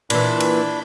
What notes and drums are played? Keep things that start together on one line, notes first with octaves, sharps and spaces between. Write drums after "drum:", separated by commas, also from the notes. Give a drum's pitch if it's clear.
A#2 E3 D4 B5, drum: cymbal
drum: cymbal